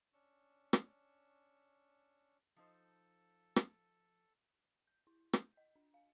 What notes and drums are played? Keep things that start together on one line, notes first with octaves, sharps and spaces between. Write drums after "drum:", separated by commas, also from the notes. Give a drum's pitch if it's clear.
C#4 D4 C#6 E6
drum: rim click
F3 D#4 A4 C5
drum: rim click
G6
E4
G6, drum: rim click
D#5
D4
F5